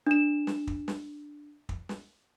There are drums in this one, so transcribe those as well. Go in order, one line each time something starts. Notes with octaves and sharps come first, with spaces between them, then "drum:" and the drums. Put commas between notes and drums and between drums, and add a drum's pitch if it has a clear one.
D4 E7
drum: snare
drum: kick
drum: snare
drum: kick
drum: snare